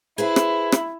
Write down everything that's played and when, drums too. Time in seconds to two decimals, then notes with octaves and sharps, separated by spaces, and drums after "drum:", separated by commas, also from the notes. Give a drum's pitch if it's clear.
0.18 E4 G#4 B4 C5
0.36 drum: rim click
0.72 drum: rim click